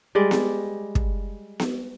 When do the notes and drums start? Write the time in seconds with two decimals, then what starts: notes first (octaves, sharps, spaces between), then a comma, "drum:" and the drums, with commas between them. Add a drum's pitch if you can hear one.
0.15 G3 G#3 D5
0.31 drum: snare B3
0.95 drum: kick
1.60 drum: snare B3